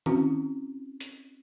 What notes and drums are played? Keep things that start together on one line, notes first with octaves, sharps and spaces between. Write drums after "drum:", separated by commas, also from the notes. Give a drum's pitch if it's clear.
C4 C#4 E4 F#4, drum: tom D#3
drum: hi-hat